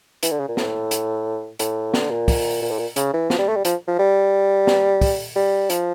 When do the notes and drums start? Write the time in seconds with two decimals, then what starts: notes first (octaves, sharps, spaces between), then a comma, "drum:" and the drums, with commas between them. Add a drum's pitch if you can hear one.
0.23 E3, drum: hi-hat
0.31 D3
0.40 C#3
0.48 A#2
0.57 A2, drum: snare
0.91 drum: hi-hat
1.59 A2, drum: hi-hat
1.94 D3, drum: snare
2.11 A#2
2.28 drum: kick, open hi-hat
2.62 A#2
2.71 A2
2.79 A#2
2.96 C#3, drum: hi-hat
3.13 E3
3.30 F3, drum: snare
3.39 G3
3.48 A3
3.56 G3
3.65 F3, drum: hi-hat
3.88 F3
3.99 G3
4.67 drum: snare
5.01 drum: kick, open hi-hat
5.36 G3
5.70 F3, drum: hi-hat